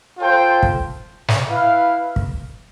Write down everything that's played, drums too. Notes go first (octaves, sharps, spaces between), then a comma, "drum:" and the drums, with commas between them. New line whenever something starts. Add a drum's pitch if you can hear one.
F4 A4 C5 G5
drum: kick
drum: snare
E4 B4 F5
drum: kick